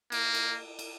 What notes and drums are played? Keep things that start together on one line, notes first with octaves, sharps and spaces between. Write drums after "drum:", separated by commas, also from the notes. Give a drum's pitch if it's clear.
A#3, drum: cymbal
drum: cymbal
drum: cymbal